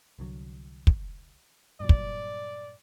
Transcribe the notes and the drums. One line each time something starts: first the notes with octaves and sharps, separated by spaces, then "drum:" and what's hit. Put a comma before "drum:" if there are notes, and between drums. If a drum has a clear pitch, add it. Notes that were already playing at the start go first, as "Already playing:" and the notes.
C2 D3 F#3
drum: kick
G2 A#2 F#3 D5
drum: kick